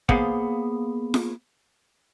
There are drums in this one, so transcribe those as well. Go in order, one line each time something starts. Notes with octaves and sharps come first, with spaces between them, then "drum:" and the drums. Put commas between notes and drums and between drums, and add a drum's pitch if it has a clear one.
A#3 B3 G#4 C5 F5 F#5, drum: kick
drum: snare F4